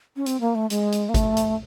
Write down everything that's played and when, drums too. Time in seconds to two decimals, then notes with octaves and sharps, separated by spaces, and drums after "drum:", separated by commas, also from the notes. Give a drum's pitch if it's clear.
0.16 C#4
0.26 C4, drum: hi-hat
0.41 A#3
0.55 A3
0.70 G#3, drum: hi-hat
0.92 drum: hi-hat
1.09 A#3
1.14 A3, drum: kick G1, hi-hat
1.37 drum: hi-hat